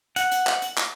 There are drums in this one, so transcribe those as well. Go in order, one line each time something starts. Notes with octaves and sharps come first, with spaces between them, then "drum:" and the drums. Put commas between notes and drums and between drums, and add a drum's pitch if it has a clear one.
F#5, drum: hi-hat
drum: hi-hat
drum: clap
drum: hi-hat
drum: clap